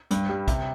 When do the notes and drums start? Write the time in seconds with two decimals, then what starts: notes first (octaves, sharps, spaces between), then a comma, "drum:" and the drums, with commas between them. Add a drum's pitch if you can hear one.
0.11 G2, drum: hi-hat
0.29 G3
0.48 C3, drum: kick, hi-hat